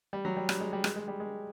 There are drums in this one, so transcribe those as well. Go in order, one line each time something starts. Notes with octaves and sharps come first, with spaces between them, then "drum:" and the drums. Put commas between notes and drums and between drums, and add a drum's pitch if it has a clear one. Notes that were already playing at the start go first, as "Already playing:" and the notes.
G3
F#3
G3
G3, drum: rim click
G#3
G3
G#3, drum: rim click
G#3
G3
G#3